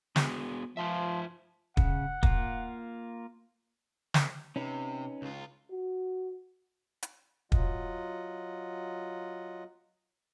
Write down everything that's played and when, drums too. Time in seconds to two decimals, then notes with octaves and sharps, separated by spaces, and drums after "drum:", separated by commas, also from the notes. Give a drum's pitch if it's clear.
0.16 B3 F#4 G#4, drum: snare
0.77 F3 F4 C5 E5
1.77 C#3 F#5, drum: kick
2.23 A#3 F4, drum: kick
4.14 drum: snare
4.56 C3 C#4 D#4 B4
5.22 C#2 F4
5.71 F#4
7.03 drum: hi-hat
7.52 F#3 F4 D#5 F#5, drum: kick